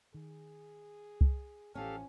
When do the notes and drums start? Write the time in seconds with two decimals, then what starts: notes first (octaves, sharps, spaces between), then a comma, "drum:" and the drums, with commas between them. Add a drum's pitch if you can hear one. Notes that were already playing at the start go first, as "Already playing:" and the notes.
0.14 D#3 G#4
1.21 drum: kick C2
1.75 A1 E3 F3 C#4 G4 A4 F5